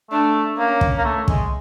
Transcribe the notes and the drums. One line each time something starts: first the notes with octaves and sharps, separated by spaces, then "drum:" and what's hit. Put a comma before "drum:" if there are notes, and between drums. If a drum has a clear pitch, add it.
A3 D4
A#3 C#4
drum: kick
A#3
A3
G#3, drum: kick